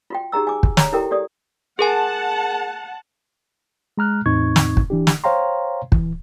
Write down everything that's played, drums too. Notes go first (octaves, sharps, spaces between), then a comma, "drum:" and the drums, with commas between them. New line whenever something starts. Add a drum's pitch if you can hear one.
F4 F#4 G5
D#4 G4 G#4 A#5 E6
G#5 D6
drum: kick
C#5 A#5, drum: snare
E4 G4 A4 A#4 G5
G4 A4 D5 D#6
G#4 A#4 F#5 G#5 A5
G#3 A#5 F6 F#6
E2 A2 C4 D#4 C#6 G#6
drum: snare
drum: kick
E3 D4 G4
drum: snare
C5 C#5 F5 G5 A#5 C6
E3, drum: kick